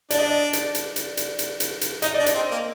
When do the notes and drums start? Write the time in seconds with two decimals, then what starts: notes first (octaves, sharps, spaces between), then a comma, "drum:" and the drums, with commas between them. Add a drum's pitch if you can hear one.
0.10 D4 D5, drum: hi-hat
0.18 D#5
0.27 D5
0.53 drum: hi-hat
0.75 drum: hi-hat
0.96 drum: hi-hat
1.17 drum: hi-hat
1.39 drum: hi-hat
1.60 drum: hi-hat
1.81 drum: hi-hat
2.02 D#4 D#5, drum: hi-hat
2.14 D5
2.19 D4
2.26 D#5, drum: hi-hat
2.35 C4
2.51 A#3